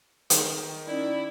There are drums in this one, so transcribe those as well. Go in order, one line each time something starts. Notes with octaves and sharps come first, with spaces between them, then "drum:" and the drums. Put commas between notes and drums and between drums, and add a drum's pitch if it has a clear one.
D#3 G#4 A4 B4, drum: hi-hat
C#4 D#4 E4 D5